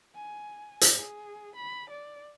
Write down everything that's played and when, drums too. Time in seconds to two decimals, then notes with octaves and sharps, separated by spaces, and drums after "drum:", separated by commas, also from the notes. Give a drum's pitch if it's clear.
0.15 G#5
0.81 drum: hi-hat
0.96 G#4
1.55 B5
1.90 D5